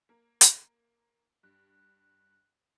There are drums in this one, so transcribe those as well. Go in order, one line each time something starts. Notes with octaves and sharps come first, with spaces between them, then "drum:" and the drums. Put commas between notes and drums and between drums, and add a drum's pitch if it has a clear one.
A#3 A#4
drum: hi-hat
G2 F#6